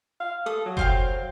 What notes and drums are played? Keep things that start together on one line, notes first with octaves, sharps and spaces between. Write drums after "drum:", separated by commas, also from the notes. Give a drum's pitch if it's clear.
F5
A4 D#6
F#3
C5 F5 G5, drum: kick F#1